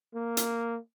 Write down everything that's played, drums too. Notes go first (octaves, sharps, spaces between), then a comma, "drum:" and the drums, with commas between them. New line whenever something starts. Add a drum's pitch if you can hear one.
A#3
drum: hi-hat